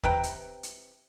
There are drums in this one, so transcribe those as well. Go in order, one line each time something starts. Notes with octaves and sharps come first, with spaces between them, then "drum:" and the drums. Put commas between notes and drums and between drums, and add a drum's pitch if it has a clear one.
C3 B4 G5 A#5, drum: kick D#2
drum: hi-hat
drum: hi-hat